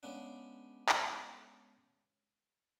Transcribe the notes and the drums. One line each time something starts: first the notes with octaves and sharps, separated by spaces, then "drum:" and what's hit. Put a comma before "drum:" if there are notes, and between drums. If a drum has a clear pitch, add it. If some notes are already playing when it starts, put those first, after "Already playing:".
C#3 G#3 B3 D4
drum: clap